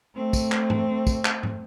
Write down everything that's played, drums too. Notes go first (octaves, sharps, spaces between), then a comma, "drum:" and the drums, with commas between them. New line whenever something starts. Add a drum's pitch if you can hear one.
A3 C4
drum: kick, tambourine
drum: clap
drum: tom G#2
drum: kick, tambourine
drum: clap
drum: tom G#2